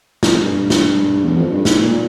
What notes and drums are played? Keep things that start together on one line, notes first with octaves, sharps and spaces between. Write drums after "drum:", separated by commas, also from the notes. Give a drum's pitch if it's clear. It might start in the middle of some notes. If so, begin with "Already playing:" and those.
G2, drum: snare
F2
G2
drum: snare
E2
F2
G2
G#2, drum: snare
A#2